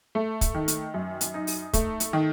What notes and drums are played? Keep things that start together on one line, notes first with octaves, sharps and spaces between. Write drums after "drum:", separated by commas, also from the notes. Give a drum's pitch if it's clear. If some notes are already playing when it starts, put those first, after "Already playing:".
A3
drum: kick, hi-hat
D#3
drum: hi-hat
F#2
drum: hi-hat
D#4
drum: open hi-hat
A3, drum: kick, hi-hat
drum: hi-hat
D#3